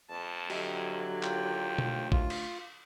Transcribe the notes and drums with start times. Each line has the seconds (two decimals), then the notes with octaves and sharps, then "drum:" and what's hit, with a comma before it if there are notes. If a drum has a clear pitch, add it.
0.10 F2 A5
0.50 D3 F#3 G4 D#5 E5, drum: cymbal
1.23 D#2 F4 G5, drum: clap
1.78 D2, drum: tom
2.12 F4, drum: kick A1
2.30 drum: cymbal